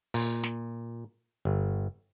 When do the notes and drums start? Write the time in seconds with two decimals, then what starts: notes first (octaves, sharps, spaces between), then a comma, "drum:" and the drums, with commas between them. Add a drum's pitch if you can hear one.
0.14 A#2, drum: open hi-hat
0.43 drum: snare
1.45 G1